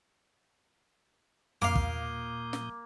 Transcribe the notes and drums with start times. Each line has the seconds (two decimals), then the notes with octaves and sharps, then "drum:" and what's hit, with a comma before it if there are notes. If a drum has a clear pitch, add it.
1.62 A#2 A#3 F5 D6 D#6 G6, drum: tom
1.75 drum: kick
2.53 drum: snare